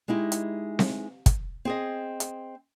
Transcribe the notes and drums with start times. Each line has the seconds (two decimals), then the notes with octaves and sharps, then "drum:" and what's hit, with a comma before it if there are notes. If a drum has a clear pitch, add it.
0.08 G#3 D#4 E4 G4
0.32 drum: hi-hat
0.79 drum: snare C4
1.26 drum: kick, hi-hat
1.65 C4 G#4 D#5
2.20 drum: hi-hat